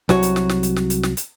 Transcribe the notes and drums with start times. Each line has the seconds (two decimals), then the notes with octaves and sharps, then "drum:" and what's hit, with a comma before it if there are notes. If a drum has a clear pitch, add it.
0.09 C2 F#3 F#4 C#5, drum: snare
0.22 drum: hi-hat
0.36 drum: snare
0.49 drum: snare
0.63 drum: hi-hat
0.76 drum: snare
0.90 drum: hi-hat
1.03 drum: snare
1.17 drum: hi-hat